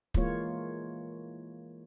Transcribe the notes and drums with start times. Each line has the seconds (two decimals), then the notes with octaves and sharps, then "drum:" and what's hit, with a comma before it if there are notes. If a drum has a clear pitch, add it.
0.14 E3 G#3 A#3 F4 C#5, drum: kick